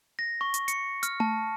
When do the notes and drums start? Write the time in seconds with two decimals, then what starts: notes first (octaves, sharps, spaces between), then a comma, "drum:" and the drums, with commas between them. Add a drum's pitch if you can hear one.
0.19 A#6
0.41 C#6
0.54 drum: hi-hat
0.68 C#7, drum: hi-hat
1.03 F6, drum: hi-hat
1.20 A5, drum: tom A3